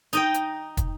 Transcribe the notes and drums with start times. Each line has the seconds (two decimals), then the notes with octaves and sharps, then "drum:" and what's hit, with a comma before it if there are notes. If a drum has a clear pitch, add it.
0.13 D#4 D#5 G5, drum: hi-hat
0.34 drum: hi-hat
0.77 drum: kick, hi-hat